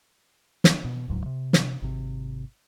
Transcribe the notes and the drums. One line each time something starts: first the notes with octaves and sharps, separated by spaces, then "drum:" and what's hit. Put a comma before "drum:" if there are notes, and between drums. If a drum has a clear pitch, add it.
drum: snare
B2
D#1 C#2 G#2 F#3
C3
drum: snare
G#1 C3